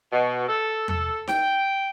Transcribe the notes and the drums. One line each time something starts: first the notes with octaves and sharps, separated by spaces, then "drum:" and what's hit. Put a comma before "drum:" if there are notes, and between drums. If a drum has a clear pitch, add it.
B2
A4
A4, drum: tom E2
G5, drum: snare D#4